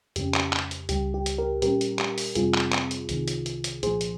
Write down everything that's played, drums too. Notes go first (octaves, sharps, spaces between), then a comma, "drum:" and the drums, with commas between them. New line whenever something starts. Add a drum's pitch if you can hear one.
F2 C#3 G#3 C#4 G4, drum: hi-hat
drum: clap
drum: clap
drum: hi-hat
C#2 C#3 G3 G4, drum: hi-hat
G4
drum: hi-hat
G4 A#4
A#2 G3 C#4 G4 A#4, drum: hi-hat
drum: hi-hat
G4, drum: clap
drum: open hi-hat
F2 C3 G3 C4 F4 G#4, drum: hi-hat
drum: clap
drum: clap
drum: hi-hat
C2 C3 D#3, drum: hi-hat
drum: hi-hat
drum: hi-hat
drum: hi-hat
C2 A#2 F3 G#4 C5, drum: hi-hat
drum: hi-hat